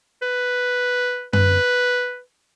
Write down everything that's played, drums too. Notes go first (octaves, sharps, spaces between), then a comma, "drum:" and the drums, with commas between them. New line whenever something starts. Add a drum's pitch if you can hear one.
B4
B4, drum: tom F#2